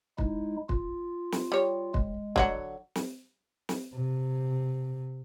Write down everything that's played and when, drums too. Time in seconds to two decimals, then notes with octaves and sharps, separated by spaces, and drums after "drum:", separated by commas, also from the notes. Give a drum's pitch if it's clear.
0.18 G#3 D#4 E4, drum: kick
0.69 F4, drum: kick
1.32 drum: snare
1.52 G3 C#5
1.94 G#3, drum: kick
2.36 D3 F#3 F#5, drum: kick
2.95 drum: snare
3.69 drum: snare
3.94 C3